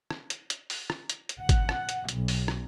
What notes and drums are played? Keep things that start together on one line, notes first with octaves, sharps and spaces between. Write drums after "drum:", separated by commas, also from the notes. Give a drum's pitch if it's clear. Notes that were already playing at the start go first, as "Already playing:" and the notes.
drum: rim click
drum: hi-hat
drum: hi-hat
drum: open hi-hat
drum: rim click
drum: hi-hat
drum: hi-hat
F#5
drum: kick G#1, hi-hat
drum: rim click
drum: hi-hat
B1, drum: hi-hat
drum: open hi-hat
drum: rim click